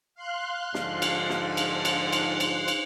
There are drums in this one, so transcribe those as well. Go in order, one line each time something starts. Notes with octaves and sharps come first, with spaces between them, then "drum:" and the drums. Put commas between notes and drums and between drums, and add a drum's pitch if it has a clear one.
F5 C6 F#6
G#2 D3 F3, drum: snare
drum: cymbal
drum: snare
drum: cymbal
drum: cymbal
drum: cymbal
drum: cymbal
drum: cymbal